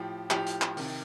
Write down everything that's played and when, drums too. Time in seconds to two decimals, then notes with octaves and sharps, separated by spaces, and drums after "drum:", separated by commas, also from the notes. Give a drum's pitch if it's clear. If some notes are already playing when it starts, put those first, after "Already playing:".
Already playing: A2 F3 G4
0.31 A2 F3 G4, drum: clap
0.46 drum: hi-hat
0.62 drum: clap
0.77 C3 D#3, drum: open hi-hat